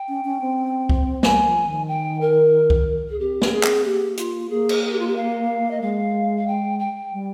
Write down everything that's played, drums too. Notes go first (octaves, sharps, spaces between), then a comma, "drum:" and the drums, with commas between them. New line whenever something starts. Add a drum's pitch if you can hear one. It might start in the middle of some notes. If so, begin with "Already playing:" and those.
Already playing: G5
C#4
C#4
C4
drum: kick C2
G3 G#5, drum: snare
F3
D#3
G5
A#4
drum: kick C2
G#4
C4 G4
C#4 G4, drum: snare
G#4
C4, drum: clap
A#3 G4
F4, drum: hi-hat
A#3 G#4
drum: cymbal
G#4
G4
F4
G4
F5
D#5
G#3 F5
F5
G5
G5
G3